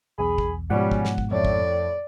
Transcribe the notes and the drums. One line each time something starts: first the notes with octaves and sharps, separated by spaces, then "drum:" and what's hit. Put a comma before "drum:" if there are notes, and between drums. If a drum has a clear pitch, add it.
B1 E2 G#4 B5
drum: kick
G#2 B2 F3 G3 C#4 F#5
drum: kick
drum: snare
drum: kick
F2 A2 D5
drum: kick